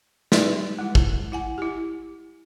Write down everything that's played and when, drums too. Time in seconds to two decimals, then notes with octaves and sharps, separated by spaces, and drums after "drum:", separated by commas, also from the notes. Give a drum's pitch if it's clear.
0.32 G3 D#4 G4 B4 D5 E5, drum: snare
0.79 G#3 E4
0.95 drum: kick
1.32 E4 F#5 G#5
1.58 E4 G4